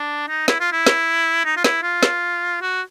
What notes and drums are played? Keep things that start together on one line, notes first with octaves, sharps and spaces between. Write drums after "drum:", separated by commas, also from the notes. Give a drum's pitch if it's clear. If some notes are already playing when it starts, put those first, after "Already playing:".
Already playing: D4
D#4
E4, drum: snare
F4
E4
drum: snare
D#4
F4
E4, drum: snare
F4
drum: snare
F#4